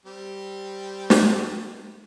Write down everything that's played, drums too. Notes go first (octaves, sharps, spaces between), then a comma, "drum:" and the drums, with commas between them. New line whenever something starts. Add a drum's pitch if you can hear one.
G3 C4 G4
drum: snare